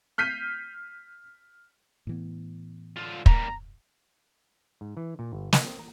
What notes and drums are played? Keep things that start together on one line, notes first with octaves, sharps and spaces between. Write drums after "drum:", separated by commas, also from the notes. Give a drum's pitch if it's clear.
F6 G6 B6 C7 D#7
A2 E3 B3
D3 F4
G3 A#3 A#5, drum: kick
G#2
E3
A#2
G1
D#5, drum: snare
C4
A#5